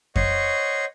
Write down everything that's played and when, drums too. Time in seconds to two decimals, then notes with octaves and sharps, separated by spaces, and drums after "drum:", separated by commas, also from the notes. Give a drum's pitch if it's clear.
0.16 C5 C#5 D#5 F#5 C#6, drum: kick F2